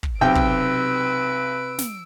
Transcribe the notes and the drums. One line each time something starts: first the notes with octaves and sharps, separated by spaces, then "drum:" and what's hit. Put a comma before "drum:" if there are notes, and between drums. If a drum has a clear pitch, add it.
drum: kick
B1 C3 G4 B4 G5 E6 D7
drum: kick
drum: snare